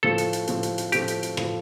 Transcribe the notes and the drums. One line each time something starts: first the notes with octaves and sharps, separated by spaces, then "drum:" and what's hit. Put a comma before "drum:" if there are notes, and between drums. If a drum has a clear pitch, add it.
A2 F3 A3 A4
drum: hi-hat
drum: hi-hat
A2 F3 A3, drum: hi-hat
drum: hi-hat
drum: hi-hat
A2 F3 A3 G4, drum: hi-hat
drum: hi-hat
drum: hi-hat
A2 F3 A3, drum: rim click